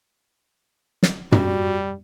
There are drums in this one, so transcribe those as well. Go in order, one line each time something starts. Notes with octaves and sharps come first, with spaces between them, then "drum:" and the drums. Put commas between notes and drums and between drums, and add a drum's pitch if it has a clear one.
drum: snare
G3 F#4, drum: tom